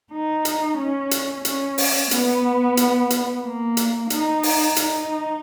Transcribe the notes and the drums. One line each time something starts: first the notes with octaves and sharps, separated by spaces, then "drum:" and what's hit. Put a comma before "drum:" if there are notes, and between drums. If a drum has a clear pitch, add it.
D#4
drum: hi-hat
C#4
drum: hi-hat
C#4, drum: hi-hat
drum: open hi-hat
B3, drum: hi-hat
drum: hi-hat
drum: hi-hat
A#3
drum: hi-hat
D#4, drum: hi-hat
drum: open hi-hat
D#4, drum: hi-hat